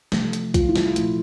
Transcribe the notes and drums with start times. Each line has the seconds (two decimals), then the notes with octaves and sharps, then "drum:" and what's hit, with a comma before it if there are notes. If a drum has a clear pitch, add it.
0.12 C3 F3 A3, drum: snare
0.33 drum: hi-hat
0.54 F4, drum: kick B1, hi-hat
0.69 E4
0.76 F4, drum: snare
0.96 A#2 F3 A3, drum: hi-hat